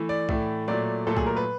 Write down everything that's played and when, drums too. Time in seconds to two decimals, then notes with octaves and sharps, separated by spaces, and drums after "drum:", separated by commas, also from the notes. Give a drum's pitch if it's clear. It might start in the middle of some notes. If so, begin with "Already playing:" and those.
Already playing: E3 A3
0.09 D5
0.29 A2 E3 A3, drum: kick C2
0.68 A#2 F#3 A3 D5
1.07 A#2 F#3 A3 A4
1.17 G#4, drum: kick C2
1.26 A#4
1.36 B4